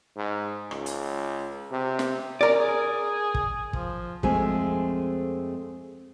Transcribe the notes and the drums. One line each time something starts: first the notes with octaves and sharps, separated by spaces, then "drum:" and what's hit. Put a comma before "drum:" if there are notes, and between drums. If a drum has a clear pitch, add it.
G#2
C#2, drum: rim click
drum: hi-hat
C3
drum: snare
C#4 A#4 D5
G#4
drum: kick
F3, drum: kick
F2 G#3 A3 C4 G#5, drum: kick